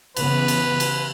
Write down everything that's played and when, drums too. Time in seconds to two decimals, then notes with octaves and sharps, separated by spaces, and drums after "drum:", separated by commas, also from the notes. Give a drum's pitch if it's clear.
0.16 C#3 E3 B3 B4, drum: cymbal
0.48 drum: cymbal
0.80 drum: cymbal